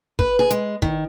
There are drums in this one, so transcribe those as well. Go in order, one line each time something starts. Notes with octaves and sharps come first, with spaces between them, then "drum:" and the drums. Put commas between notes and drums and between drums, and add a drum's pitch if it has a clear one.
B4, drum: kick
G#4
G#3, drum: hi-hat
D#3, drum: kick